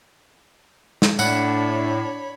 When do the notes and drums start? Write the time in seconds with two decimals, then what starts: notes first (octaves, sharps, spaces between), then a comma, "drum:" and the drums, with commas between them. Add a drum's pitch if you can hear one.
1.02 drum: snare
1.19 A2 D4 C#5 F#5 B5, drum: tambourine